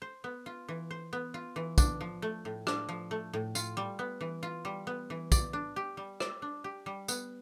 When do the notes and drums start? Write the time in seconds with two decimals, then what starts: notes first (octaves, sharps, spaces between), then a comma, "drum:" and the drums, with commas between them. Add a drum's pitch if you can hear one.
0.02 C5
0.24 B3
0.46 F4
0.68 E3
0.91 C5
1.13 B3
1.34 F4
1.56 E3
1.78 D4, drum: kick, tambourine
2.01 F3
2.22 A3
2.45 A2
2.67 D4, drum: rim click
2.89 F3
3.11 A3
3.33 A2
3.55 F4, drum: tambourine
3.77 G3
3.99 B3
4.21 E3
4.43 F4
4.65 G3
4.87 B3
5.10 E3
5.32 D5, drum: kick, tambourine
5.53 D4
5.76 G4
5.97 G3
6.20 D5, drum: rim click
6.42 D4
6.64 G4
6.86 G3
7.08 B3, drum: tambourine